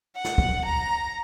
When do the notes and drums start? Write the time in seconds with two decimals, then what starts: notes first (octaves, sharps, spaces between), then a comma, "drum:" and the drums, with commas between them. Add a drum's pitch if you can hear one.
0.16 F#5
0.25 drum: snare
0.38 drum: kick
0.65 A#5